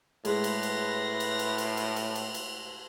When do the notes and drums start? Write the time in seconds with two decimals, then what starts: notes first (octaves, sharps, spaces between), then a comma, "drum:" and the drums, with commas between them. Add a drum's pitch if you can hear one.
0.25 A2 G#3 B4 C6 A#6, drum: cymbal
0.44 drum: cymbal
0.63 drum: cymbal
1.20 drum: cymbal
1.39 drum: cymbal
1.58 drum: cymbal
1.77 drum: cymbal
1.96 drum: cymbal
2.15 drum: cymbal
2.34 drum: cymbal